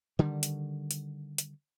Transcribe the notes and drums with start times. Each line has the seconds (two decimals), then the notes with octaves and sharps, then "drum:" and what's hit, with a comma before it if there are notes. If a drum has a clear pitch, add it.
0.19 D3 D#3 G3
0.43 drum: hi-hat
0.91 drum: hi-hat
1.38 drum: hi-hat